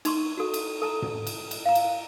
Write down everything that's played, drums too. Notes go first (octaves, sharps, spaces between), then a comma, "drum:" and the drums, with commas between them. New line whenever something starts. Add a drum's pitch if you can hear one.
D#4 C6 C#6, drum: cymbal
F#4 A4
drum: cymbal
A4 A5 A#5
drum: tom
drum: cymbal
drum: cymbal
F5 A#5
drum: cymbal